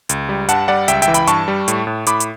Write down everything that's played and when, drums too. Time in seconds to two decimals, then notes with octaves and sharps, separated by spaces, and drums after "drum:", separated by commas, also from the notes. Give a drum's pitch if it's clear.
0.09 C#2, drum: hi-hat
0.29 G3
0.49 G2 F#5 A5, drum: hi-hat
0.68 G3 D5 F#5
0.88 C#2 E5 G5, drum: hi-hat
1.02 E5 G5, drum: hi-hat
1.08 E3
1.14 G5 B5, drum: hi-hat
1.27 G2 A5 C#6, drum: hi-hat
1.48 G3
1.68 A2, drum: hi-hat
1.87 A2
2.07 A2 B5 D6, drum: hi-hat
2.20 drum: hi-hat